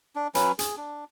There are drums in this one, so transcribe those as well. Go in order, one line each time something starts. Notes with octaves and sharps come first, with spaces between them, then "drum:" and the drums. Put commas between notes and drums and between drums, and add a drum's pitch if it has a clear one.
D4
F#3 C#4 B4, drum: hi-hat
G#4, drum: hi-hat
D4